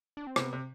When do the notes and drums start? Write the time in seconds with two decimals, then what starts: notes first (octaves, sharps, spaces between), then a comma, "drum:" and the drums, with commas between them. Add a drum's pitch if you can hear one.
0.17 D4
0.27 C4
0.36 C3 B3, drum: rim click
0.53 C3